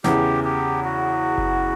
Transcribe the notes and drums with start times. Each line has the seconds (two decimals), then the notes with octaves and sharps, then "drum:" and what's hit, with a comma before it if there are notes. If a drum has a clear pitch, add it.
0.04 E2 C#3 E3 G4, drum: snare
0.44 G4
0.84 F#4
1.38 drum: kick F#1